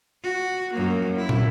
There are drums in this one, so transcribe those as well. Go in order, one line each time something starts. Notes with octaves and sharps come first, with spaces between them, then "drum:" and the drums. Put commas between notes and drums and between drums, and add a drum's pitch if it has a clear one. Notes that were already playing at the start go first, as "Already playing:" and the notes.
F#4
F#2 A#3
E4
drum: tom